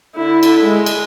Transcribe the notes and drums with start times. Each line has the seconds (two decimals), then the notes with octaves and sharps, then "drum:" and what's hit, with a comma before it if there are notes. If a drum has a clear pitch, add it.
0.16 D3 E4
0.43 drum: cymbal
0.65 G#3
0.86 drum: cymbal